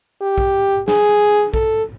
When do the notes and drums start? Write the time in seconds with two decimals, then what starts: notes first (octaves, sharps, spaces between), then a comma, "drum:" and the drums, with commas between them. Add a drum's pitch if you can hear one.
0.22 G4
0.38 drum: kick A#1
0.88 G#4, drum: snare
1.54 A4, drum: kick A#1